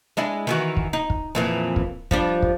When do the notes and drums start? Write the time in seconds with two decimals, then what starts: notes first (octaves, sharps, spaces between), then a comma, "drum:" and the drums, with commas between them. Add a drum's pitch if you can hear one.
0.17 G#3 D4 E4
0.47 D#3 E3 F#4
0.77 drum: kick
0.93 D#4
1.10 drum: kick
1.35 F2 A#2 E3
1.76 drum: kick
2.11 F3 G3 D4, drum: kick
2.42 drum: kick